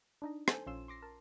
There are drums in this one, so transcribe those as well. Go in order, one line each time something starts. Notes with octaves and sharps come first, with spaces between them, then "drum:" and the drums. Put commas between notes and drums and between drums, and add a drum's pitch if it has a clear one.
D4 D#4 D#5
A4 C5 G#5 A5 G6, drum: rim click
A#1 C#4 F4 C6 E6 E7
C6 D6 A#6 C7
A#4 A5